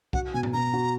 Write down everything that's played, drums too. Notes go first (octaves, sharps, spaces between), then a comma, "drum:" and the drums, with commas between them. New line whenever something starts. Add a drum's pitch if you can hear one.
F#4 F#5, drum: kick
B2 G#5
drum: tom G#2
B2 A#5
F#4